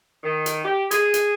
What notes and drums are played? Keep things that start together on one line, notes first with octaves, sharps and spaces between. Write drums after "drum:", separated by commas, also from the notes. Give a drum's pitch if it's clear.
D#3
drum: hi-hat
G4
G#4, drum: hi-hat
drum: hi-hat